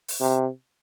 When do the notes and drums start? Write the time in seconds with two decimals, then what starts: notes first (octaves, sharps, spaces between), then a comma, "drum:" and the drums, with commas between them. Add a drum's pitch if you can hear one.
0.08 drum: open hi-hat
0.21 C3